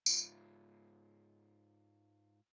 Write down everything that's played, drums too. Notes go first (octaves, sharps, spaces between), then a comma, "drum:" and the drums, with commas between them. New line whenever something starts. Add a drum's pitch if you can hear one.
G#2 F4, drum: tambourine